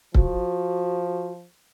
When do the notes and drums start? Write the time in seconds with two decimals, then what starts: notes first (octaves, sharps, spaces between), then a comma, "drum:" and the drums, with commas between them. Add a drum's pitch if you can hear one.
0.15 F3 F#4, drum: kick C#1